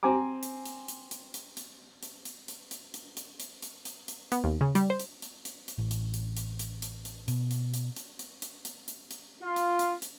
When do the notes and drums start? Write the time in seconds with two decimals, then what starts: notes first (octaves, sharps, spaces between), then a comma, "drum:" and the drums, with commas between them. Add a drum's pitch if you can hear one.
0.03 C4 C5 G#5 A#5 D6
0.43 drum: hi-hat
0.66 drum: hi-hat
0.88 drum: hi-hat
1.11 drum: hi-hat
1.34 drum: hi-hat
1.57 drum: hi-hat
2.03 drum: hi-hat
2.25 drum: hi-hat
2.48 drum: hi-hat
2.71 drum: hi-hat
2.94 drum: hi-hat
3.17 drum: hi-hat
3.40 drum: hi-hat
3.62 drum: hi-hat
3.85 drum: hi-hat
4.08 drum: hi-hat
4.32 B3, drum: hi-hat
4.44 D#2
4.61 C#3
4.75 G3, drum: hi-hat
4.90 C5
5.00 drum: hi-hat
5.22 drum: hi-hat
5.45 drum: hi-hat
5.68 drum: hi-hat
5.78 A1
5.91 drum: hi-hat
6.14 drum: hi-hat
6.37 drum: hi-hat
6.59 drum: hi-hat
6.82 drum: hi-hat
7.05 drum: hi-hat
7.28 B2, drum: hi-hat
7.51 drum: hi-hat
7.74 drum: hi-hat
7.96 drum: hi-hat
8.19 drum: hi-hat
8.42 drum: hi-hat
8.65 drum: hi-hat
8.88 drum: hi-hat
9.11 drum: hi-hat
9.42 F4
9.56 drum: hi-hat
9.79 drum: hi-hat
10.02 drum: hi-hat